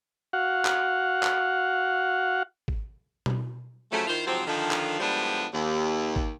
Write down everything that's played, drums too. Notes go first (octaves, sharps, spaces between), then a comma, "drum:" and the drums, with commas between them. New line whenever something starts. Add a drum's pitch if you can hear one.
F#4 F5 F#5
drum: clap
drum: clap
drum: kick G#1
drum: tom B2
C#3 F3 F#3 A3
D#3 E4 F4 C5
G#2 C3 F3 F#3 C4
D3 D#3 F3
drum: clap
A2 F3 G3 G#3 B3 D4
D#2
drum: kick G#1